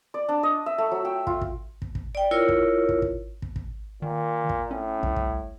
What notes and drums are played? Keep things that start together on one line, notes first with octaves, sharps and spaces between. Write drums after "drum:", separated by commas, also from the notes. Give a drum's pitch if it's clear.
D5
D4
D#5
E5
A3
F#3
G5
F4, drum: kick
drum: kick
drum: kick
drum: kick
D5 G5
E4 F4 A#4 C#5
drum: kick
drum: kick
drum: kick
drum: kick
drum: kick
A#2 D#3
drum: kick
A2 C#4
C2, drum: kick
drum: kick